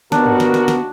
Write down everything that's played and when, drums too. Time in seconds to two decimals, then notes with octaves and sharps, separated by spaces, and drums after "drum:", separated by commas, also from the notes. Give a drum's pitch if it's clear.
0.12 D#2 B3 D4 F#4 A#4, drum: snare
0.26 drum: tom G2
0.40 drum: snare
0.54 drum: snare
0.68 drum: snare